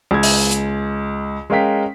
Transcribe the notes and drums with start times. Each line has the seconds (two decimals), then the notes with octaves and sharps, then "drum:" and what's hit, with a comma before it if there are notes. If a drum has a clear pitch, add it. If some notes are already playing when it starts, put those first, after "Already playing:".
0.11 C#2 G#6
0.23 drum: open hi-hat
0.51 drum: hi-hat
1.50 G#3 C#4 A#4 F5 G5 B6